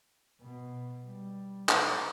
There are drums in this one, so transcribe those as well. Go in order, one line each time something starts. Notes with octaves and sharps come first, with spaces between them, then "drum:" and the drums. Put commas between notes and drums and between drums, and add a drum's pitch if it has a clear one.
B2
G3
C3, drum: clap